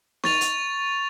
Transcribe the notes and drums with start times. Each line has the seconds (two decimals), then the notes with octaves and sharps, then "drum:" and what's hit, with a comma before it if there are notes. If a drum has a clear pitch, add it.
0.24 C#6 A6 F7, drum: snare
0.41 drum: hi-hat